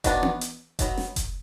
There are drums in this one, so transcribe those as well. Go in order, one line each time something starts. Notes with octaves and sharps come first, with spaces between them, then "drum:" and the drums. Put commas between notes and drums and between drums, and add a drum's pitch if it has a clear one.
D#3 F#3 B3 D4, drum: kick F1, hi-hat
drum: tom B3
drum: hi-hat
D#3 F#3 B3, drum: kick F1, hi-hat
drum: snare
drum: kick F1, hi-hat